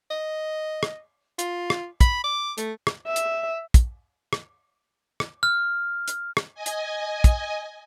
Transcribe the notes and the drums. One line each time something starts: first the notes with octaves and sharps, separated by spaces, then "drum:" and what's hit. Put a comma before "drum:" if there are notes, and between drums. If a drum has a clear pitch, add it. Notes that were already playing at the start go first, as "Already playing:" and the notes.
D#5
drum: rim click
F4, drum: hi-hat
drum: rim click
B5, drum: kick, hi-hat
D6
A3, drum: hi-hat
drum: rim click
E5
drum: hi-hat
drum: kick, hi-hat
drum: rim click
drum: rim click
F6
drum: hi-hat
drum: rim click
D#5 G#5
drum: hi-hat
drum: kick, hi-hat